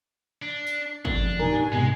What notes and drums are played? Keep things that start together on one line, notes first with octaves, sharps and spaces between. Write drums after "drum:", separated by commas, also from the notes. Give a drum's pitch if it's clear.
D4
drum: tambourine
F2 D4, drum: kick
D#4 G4 A#4 G#5, drum: tom
C2 G#2 B2 G#3